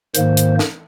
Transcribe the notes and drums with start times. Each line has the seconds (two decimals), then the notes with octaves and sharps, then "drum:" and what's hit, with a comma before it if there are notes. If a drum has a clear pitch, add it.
0.15 G#2 D#3 A#3 C5, drum: hi-hat
0.37 drum: hi-hat
0.59 drum: snare